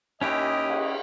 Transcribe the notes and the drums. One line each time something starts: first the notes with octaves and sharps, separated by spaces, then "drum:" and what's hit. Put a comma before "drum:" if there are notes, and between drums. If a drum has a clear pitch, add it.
D#2 C#4 E4 G4 D#5
drum: cymbal